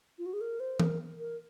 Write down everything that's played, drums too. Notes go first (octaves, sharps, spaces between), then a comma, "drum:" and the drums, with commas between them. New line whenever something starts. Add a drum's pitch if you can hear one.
F4
F#4
G#4
A#4
C5
A#4, drum: tom E3
A#4